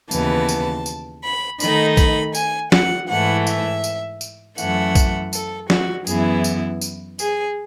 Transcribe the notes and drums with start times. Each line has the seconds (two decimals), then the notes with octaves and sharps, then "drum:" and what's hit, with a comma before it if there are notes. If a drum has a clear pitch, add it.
0.11 D#2 C#3 E3 B3 A5, drum: tambourine
0.49 drum: tambourine
0.86 drum: tambourine
1.23 B5
1.60 D#3 A3 D#4 B5, drum: tambourine
1.97 B5, drum: kick A#1, tambourine
2.35 G#5, drum: tambourine
2.72 F#5, drum: snare
3.09 G#2 E3 A3 F#5
3.47 E5, drum: tambourine
3.84 drum: tambourine
4.21 drum: tambourine
4.58 F#2 E3 A3 F#5, drum: tambourine
4.95 drum: kick A#1, tambourine
5.33 A4, drum: tambourine
5.70 F#4, drum: snare
6.07 F#2 E3 B3 E4 G#4, drum: tambourine
6.44 drum: tambourine
6.81 drum: tambourine
7.19 G#4, drum: tambourine